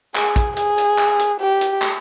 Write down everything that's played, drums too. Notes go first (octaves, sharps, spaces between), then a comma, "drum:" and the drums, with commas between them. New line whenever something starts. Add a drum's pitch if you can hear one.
G#4, drum: clap
drum: kick, hi-hat
G#4, drum: hi-hat
drum: hi-hat
drum: clap
drum: hi-hat
G4
drum: hi-hat
drum: clap